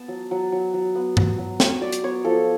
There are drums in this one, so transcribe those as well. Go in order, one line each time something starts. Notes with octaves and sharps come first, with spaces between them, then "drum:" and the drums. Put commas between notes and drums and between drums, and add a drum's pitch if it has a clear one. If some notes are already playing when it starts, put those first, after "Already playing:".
Already playing: B3 A5
F#3
F#3
F#3
F#3
B3
F#3, drum: tom G2
F#3
F#3 C#6, drum: snare
F#3 D5
drum: hi-hat
B3 C#5
F3 A4